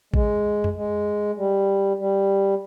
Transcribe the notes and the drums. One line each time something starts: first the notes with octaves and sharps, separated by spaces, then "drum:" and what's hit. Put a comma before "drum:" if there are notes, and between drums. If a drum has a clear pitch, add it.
G#3, drum: kick A1
drum: tom F2
G#3
G3
G3